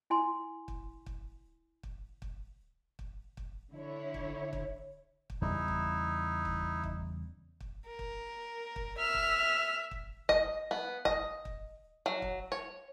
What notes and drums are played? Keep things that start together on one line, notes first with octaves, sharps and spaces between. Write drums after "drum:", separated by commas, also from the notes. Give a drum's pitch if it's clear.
E4 G#5 C6
drum: kick
drum: kick
drum: kick
drum: kick
drum: kick
drum: kick
D3 E4 C#5
drum: kick
drum: kick
drum: kick
E2 C#3 G3 D#4 E4
drum: kick
drum: kick
drum: kick
drum: kick
A#4
drum: kick
drum: kick
E5 F6
drum: kick
drum: kick
D#5, drum: kick
B3
D#5, drum: kick
drum: kick
F#3
drum: kick
C#5